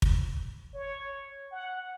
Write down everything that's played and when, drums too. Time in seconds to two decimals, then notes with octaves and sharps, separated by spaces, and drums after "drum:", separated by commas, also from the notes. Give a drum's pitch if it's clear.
0.02 drum: kick
0.74 C#5
1.51 F#5